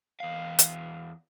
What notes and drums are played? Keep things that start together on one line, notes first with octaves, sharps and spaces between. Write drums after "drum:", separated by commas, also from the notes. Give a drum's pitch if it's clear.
E2 F5
drum: hi-hat